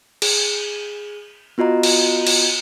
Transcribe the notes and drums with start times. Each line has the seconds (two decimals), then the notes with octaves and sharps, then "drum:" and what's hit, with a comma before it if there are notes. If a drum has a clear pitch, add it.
0.22 G#4, drum: cymbal
1.58 B3 F4 F#4 D#5 A#5
1.83 drum: cymbal
2.27 drum: cymbal